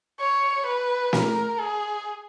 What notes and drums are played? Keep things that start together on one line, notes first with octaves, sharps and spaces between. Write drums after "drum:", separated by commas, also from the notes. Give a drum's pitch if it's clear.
C#5
B4
A#4, drum: snare
G#4